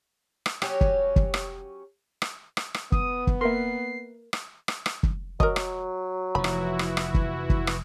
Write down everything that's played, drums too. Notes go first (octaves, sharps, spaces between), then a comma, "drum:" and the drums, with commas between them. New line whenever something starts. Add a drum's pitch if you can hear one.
drum: rim click
F#3 C#4 G4, drum: rim click
drum: kick
drum: kick
drum: rim click
drum: rim click
drum: rim click
drum: rim click
B3 D#6, drum: kick
drum: kick
A#3 A#4 B4 E5 C6 C7
drum: rim click
drum: rim click
drum: rim click
drum: kick
F#3 A#4 D#5, drum: kick
drum: rim click
F1 E3 F3 E4 F#4 B5
drum: rim click
drum: rim click
drum: rim click
drum: kick
drum: kick
drum: rim click